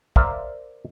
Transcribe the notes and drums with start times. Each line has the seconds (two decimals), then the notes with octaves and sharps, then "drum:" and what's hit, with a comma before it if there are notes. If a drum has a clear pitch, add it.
0.16 A#4 C5 D5 E5 F5, drum: kick